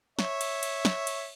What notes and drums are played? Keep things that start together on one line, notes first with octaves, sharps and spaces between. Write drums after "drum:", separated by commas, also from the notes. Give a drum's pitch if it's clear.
C#5 E5, drum: snare
drum: cymbal
drum: cymbal
drum: snare
drum: cymbal